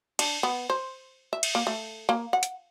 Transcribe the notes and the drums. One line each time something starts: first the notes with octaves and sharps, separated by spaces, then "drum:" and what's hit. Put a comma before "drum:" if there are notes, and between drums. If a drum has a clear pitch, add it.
D4, drum: cymbal
B3
C5
E5
drum: cymbal
A#3
A3
A#3
F#5
drum: hi-hat